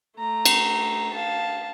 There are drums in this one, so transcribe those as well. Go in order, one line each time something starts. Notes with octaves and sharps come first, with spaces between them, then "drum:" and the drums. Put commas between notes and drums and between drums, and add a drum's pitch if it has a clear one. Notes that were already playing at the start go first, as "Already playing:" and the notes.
A3 A#5
drum: cymbal
F5 A5